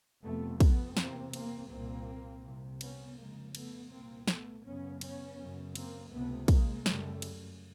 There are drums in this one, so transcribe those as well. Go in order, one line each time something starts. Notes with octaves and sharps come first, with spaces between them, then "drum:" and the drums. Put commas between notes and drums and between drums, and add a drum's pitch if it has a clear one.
F2 C3 A3 B3
A3 B3, drum: kick, cymbal
E2 C3 A#3 C4, drum: snare
A#3 C4, drum: cymbal
C2 A#2 A#3 C4
C2 C3
B3 C#4, drum: cymbal
F2 C#3 G#3 A#3
A3 B3, drum: cymbal
C2 A#2 A#3 C4
A3 B3, drum: snare
F#2 C#3 B3 C#4
B3 C#4, drum: cymbal
F#2 C#3
A#3 C4, drum: cymbal
C#2 C3 A3 B3
G#3 A#3, drum: kick, cymbal
F#2 C#3 G3 A3, drum: snare
drum: cymbal